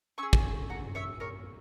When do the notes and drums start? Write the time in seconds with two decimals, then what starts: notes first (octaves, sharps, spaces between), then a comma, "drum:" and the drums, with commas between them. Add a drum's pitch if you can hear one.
0.18 C#4 C#6 E6
0.23 G#4
0.33 drum: kick
0.70 F#5 A#5
0.95 C#5 E5
1.20 A#4 C#5